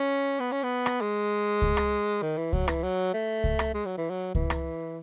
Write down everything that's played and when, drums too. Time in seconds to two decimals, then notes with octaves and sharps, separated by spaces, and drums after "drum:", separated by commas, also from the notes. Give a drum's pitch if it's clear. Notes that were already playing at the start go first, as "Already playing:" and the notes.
Already playing: C#4
0.40 B3
0.52 C#4
0.63 B3
0.86 drum: rim click
1.01 G#3
1.62 drum: kick C#2
1.77 drum: rim click
2.22 D#3
2.38 E3
2.53 F#3, drum: kick C#2
2.68 E3, drum: rim click
2.83 F#3
3.14 A3
3.44 drum: kick C#2
3.59 drum: rim click
3.74 G#3
3.85 F#3
3.98 E3
4.10 F#3
4.35 E3, drum: kick C#2
4.50 drum: rim click